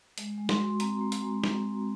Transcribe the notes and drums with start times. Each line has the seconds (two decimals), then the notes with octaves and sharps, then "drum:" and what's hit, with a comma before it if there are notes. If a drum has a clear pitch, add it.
0.18 G#3, drum: hi-hat
0.38 G#3
0.49 C6, drum: snare
0.60 F#4
0.80 C4 A#5, drum: hi-hat
1.01 G#3
1.12 drum: hi-hat
1.23 G#3
1.43 F#4, drum: snare
1.65 C4